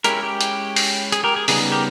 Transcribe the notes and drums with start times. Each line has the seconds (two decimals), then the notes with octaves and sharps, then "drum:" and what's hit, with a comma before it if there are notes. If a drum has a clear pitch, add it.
0.04 G#3 C#4 E4 G4 A#4, drum: hi-hat
0.23 G4
0.41 drum: hi-hat
0.76 drum: open hi-hat
1.12 G#4, drum: hi-hat
1.24 G4 A#4
1.36 G#4
1.48 C#3 G3 B3 D#4 G#4, drum: open hi-hat
1.72 G4 A#4